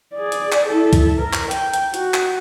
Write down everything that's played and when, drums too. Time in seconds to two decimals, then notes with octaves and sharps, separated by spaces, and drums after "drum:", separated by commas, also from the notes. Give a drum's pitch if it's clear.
0.15 G#4 D5
0.32 drum: hi-hat
0.52 drum: clap
0.65 E4 A4
0.93 drum: kick C2, hi-hat
1.19 A#4
1.33 drum: clap
1.51 G5, drum: hi-hat
1.74 drum: hi-hat
1.94 F#4, drum: hi-hat
2.14 drum: clap